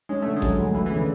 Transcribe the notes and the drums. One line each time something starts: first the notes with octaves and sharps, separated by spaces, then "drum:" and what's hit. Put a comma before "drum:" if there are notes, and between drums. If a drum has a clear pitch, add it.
G#3 C#4
D3 A3
G#3
F#3, drum: kick G#1
D2
E3 A3
E3
C#3
D3